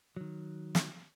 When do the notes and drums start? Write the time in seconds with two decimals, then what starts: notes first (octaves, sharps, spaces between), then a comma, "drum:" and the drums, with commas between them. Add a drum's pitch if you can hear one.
0.17 D#3 F#3
0.75 drum: snare